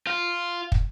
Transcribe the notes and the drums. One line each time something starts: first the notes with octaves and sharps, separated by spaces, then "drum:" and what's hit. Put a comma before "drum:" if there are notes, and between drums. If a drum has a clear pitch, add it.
F4
drum: kick